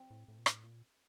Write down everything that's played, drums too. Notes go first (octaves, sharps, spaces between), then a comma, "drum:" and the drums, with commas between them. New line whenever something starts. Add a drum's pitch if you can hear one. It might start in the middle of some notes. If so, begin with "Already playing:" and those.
Already playing: C4
A2
A2
A#2
A2, drum: rim click
A#2